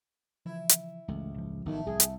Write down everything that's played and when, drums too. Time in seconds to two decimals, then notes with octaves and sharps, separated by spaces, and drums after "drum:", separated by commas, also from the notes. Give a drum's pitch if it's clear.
0.46 C#3 E3 F3 E4
0.69 drum: hi-hat
1.08 G1 C#2 E3 A3
1.35 A1 F3
1.66 B1 D#3 A3 E4
1.86 C2 G#4
2.00 drum: hi-hat